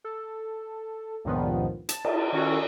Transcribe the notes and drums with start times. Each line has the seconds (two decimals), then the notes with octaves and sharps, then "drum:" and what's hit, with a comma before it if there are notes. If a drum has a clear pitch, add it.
0.04 A4
1.24 C#2 G2 A#2 D#3 F3 B3
1.89 A5, drum: hi-hat
2.05 drum: cymbal
2.33 D#3 C#4 F#4 A4